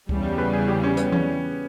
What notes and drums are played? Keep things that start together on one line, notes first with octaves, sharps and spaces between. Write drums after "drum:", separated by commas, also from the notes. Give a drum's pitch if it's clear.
E2 C#3 G3, drum: kick C#2
B4
G#4
G4
C#4
B3, drum: hi-hat
C#4, drum: tom E3